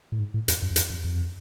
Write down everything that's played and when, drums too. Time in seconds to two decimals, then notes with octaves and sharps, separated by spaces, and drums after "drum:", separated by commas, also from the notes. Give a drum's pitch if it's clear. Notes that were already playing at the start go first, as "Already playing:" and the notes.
0.12 A2
0.19 G#2
0.34 A2
0.48 E2, drum: hi-hat
0.62 F#2
0.71 F2
0.76 E2, drum: hi-hat
0.90 F2
1.04 F2